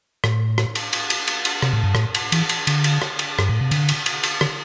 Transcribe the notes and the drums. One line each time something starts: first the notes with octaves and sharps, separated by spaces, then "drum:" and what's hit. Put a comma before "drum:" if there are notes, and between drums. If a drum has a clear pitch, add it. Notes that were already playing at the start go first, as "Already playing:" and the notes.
A2, drum: rim click
drum: rim click
drum: cymbal
drum: cymbal
drum: cymbal
drum: cymbal
drum: cymbal
C3, drum: rim click
A2
G2
A2, drum: rim click
drum: cymbal
E3, drum: cymbal
drum: cymbal
D3, drum: cymbal
drum: cymbal
drum: rim click
drum: cymbal
G2, drum: rim click
A2
C3
D3, drum: cymbal
drum: cymbal
drum: cymbal
drum: cymbal
D3, drum: rim click